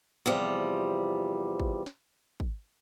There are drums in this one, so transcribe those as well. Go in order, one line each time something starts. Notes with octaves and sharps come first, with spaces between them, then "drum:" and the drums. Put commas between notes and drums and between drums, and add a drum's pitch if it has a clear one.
E2 C3 F3 G3
drum: kick
drum: snare
drum: kick